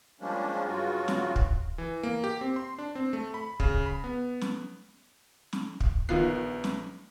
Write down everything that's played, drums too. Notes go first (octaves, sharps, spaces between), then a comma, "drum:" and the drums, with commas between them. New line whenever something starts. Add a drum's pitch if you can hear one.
F3 G3 G#3 A#3 C#4 D4
G2 C#3 F#3 F4 F#4
drum: snare
drum: kick
E3
A#3
G4
C4
C6
D4
C4
A3
B5
C#3, drum: kick
B5
B3
drum: snare
drum: snare
drum: kick
A#1 D#3 B3 F4 F#6 C7
drum: snare